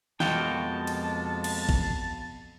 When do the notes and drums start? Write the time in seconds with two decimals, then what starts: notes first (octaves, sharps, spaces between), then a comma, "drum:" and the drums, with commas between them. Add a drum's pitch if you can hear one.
0.20 F2 B2 G#3 A#3 F4 F#4 G5 A5, drum: snare
0.87 drum: cymbal
1.44 drum: cymbal
1.69 drum: kick G#1